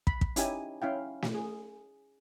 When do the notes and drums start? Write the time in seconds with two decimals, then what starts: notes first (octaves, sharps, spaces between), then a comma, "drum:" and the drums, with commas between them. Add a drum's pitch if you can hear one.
0.07 B5, drum: kick
0.21 drum: kick
0.36 C#4 D#4 E4 G4 G#5, drum: hi-hat
0.82 C#4 E4 F5 G5
1.22 drum: snare
1.35 G#4